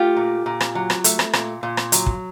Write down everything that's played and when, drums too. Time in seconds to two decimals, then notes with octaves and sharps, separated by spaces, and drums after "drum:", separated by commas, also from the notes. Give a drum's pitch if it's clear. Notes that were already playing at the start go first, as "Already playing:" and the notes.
Already playing: A3 F4 G4
0.16 A#2
0.46 A#2
0.60 drum: rim click
0.75 F#3
0.90 drum: rim click
1.04 A3, drum: hi-hat
1.19 drum: rim click
1.33 A#2, drum: rim click
1.63 A#2
1.77 drum: rim click
1.92 F#3, drum: hi-hat
2.06 drum: kick